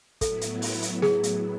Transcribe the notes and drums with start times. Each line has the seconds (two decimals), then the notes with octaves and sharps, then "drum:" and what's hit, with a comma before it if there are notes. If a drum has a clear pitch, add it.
0.21 A2 F#3 B3 E4 A4, drum: kick, hi-hat
0.41 drum: hi-hat
0.62 drum: open hi-hat
0.82 drum: hi-hat
1.02 G#4, drum: snare
1.23 drum: hi-hat